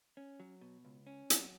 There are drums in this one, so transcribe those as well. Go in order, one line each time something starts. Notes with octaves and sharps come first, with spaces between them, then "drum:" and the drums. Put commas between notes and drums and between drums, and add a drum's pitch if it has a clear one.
C#4
F#3
B2
C#2
C#4
F#3, drum: hi-hat